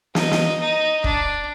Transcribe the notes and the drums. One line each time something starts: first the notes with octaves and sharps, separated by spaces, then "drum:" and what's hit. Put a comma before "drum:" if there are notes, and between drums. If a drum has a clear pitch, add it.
D#4, drum: snare
drum: snare
D#4
D4, drum: kick